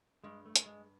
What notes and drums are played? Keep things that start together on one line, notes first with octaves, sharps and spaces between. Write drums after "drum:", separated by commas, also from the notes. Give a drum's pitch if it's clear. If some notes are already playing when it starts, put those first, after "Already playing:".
G2 G#3
A3
G2, drum: hi-hat
G#3